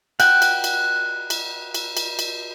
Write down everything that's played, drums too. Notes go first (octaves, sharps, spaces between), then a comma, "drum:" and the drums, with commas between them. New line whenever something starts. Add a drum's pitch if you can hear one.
F#5 G5, drum: cymbal
drum: cymbal
drum: cymbal
drum: cymbal
drum: cymbal
drum: cymbal
drum: cymbal